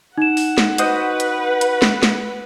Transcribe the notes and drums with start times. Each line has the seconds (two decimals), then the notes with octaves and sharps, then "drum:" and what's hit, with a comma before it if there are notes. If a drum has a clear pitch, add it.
0.18 D#4 F#5 E7
0.37 drum: open hi-hat
0.58 drum: snare
0.78 F#4 B4 C5 D#5, drum: hi-hat
1.20 drum: hi-hat
1.61 drum: hi-hat
1.82 drum: snare
2.03 drum: snare